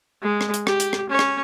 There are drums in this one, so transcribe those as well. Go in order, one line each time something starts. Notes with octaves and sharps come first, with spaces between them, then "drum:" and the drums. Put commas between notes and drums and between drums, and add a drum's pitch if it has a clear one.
G#3
drum: rim click
drum: hi-hat
G4, drum: rim click
drum: hi-hat
drum: rim click
C#4 C#5
drum: rim click